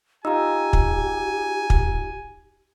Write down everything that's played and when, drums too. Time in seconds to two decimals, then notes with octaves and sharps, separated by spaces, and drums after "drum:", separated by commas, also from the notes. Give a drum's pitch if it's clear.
0.25 D#4 F4 G4 G#5 A#5 E6
0.73 drum: kick
1.70 drum: kick